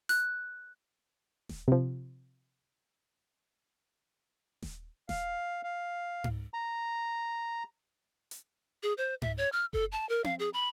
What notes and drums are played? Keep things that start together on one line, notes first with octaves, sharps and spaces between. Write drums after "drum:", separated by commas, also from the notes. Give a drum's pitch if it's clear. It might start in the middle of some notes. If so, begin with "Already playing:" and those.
F#6, drum: open hi-hat
drum: snare D#1
C3 F3
drum: snare D#1
F5, drum: snare D#1
F5
drum: tom G#2
A#5
drum: hi-hat
G#4
C5
E5, drum: tom G#2
C#5
F6
A4, drum: kick F#1
A5
A#4
F5, drum: tom C4
G#4
B5